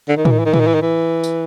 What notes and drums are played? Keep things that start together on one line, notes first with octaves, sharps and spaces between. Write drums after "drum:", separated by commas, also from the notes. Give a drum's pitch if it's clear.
D3
D#3
E3, drum: tom A2
D#3
E3
D#3
E3, drum: tom A2
D#3
E3
D#3
E3
drum: tambourine